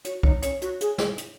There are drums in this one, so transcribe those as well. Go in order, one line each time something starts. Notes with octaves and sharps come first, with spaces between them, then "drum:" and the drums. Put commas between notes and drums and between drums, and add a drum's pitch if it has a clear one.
F#4 C#5, drum: hi-hat
D#4 C#5, drum: kick
C#4 C#5, drum: hi-hat
F#4, drum: hi-hat
G#4, drum: hi-hat
G#4, drum: snare
drum: hi-hat